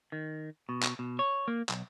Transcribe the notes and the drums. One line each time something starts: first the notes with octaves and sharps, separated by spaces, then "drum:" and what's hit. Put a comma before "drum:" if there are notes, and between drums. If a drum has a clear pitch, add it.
D#3
B2
drum: clap
B2
C#5
A#3
B1, drum: clap